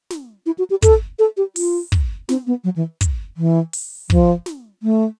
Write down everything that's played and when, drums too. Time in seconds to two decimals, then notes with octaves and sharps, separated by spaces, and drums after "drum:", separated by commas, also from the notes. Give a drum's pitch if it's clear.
0.10 drum: snare
0.46 E4
0.58 F#4
0.70 G4
0.82 A4, drum: kick, hi-hat
1.19 A4
1.37 G4
1.56 F4, drum: open hi-hat
1.92 drum: kick
2.29 C4, drum: snare
2.47 B3
2.64 F#3
2.76 E3
3.01 drum: kick, hi-hat
3.37 E3
3.73 drum: open hi-hat
4.10 F3, drum: kick
4.46 drum: snare
4.83 A3